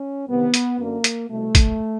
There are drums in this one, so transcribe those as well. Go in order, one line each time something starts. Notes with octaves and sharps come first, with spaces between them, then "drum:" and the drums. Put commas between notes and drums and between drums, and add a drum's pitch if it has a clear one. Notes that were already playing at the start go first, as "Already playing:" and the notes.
Already playing: C#4
C2 C3 D#3 B3
drum: hi-hat
F#2 D3 A#3
drum: hi-hat
C2 B2 A3
drum: kick, hi-hat